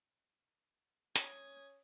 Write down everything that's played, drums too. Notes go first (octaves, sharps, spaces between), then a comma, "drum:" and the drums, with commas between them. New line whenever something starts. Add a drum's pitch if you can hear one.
C#4 D#6 G#6, drum: hi-hat